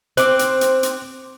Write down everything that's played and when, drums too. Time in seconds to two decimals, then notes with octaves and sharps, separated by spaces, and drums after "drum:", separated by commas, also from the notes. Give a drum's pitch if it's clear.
0.17 C4 D6 F#6, drum: hi-hat
0.39 drum: hi-hat
0.61 drum: hi-hat
0.83 drum: hi-hat